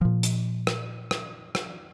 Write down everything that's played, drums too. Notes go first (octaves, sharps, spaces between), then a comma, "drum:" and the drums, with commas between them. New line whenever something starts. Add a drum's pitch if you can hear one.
A#2 F3
drum: hi-hat
drum: rim click
drum: rim click
drum: rim click